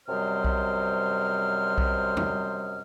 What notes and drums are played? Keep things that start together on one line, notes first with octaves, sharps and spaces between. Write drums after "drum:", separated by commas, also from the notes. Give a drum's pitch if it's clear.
F#2 C3 G3 C5 D#5 F6
drum: kick B1
drum: kick B1
drum: tom E2